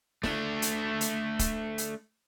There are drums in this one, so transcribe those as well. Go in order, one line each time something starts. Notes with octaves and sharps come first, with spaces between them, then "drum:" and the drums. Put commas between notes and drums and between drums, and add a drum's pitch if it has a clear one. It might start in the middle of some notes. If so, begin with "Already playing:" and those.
A3 D4, drum: snare
drum: hi-hat
drum: hi-hat
drum: kick, hi-hat
drum: hi-hat